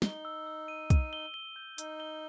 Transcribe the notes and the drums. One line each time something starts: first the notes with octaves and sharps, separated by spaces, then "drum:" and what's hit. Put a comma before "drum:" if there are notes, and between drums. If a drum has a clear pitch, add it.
D#4 G7, drum: snare
E6
E6
D#7
D#7, drum: kick, hi-hat
G7
G7
G6
D#4 E6, drum: hi-hat
G7